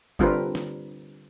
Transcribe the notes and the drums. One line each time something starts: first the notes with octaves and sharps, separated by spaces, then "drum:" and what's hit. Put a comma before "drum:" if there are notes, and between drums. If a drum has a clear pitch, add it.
D3 G3 C4 F4 A#4 B4, drum: kick F#1
drum: snare